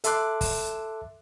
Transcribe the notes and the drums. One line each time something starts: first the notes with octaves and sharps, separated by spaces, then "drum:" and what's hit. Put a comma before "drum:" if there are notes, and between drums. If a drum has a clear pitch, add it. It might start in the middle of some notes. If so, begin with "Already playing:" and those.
A4 E5 A5 C6 D6 F#6, drum: hi-hat
drum: kick, open hi-hat